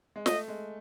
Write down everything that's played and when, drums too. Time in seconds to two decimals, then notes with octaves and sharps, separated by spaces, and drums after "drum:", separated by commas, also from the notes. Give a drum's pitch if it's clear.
0.16 G#3
0.26 A3 D#5, drum: snare
0.48 G#3